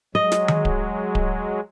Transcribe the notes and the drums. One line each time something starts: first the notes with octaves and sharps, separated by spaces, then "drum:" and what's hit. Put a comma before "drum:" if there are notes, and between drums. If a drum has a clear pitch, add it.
F#3 G#3 D#5
drum: snare
drum: tom D#3
drum: kick D1
drum: kick D1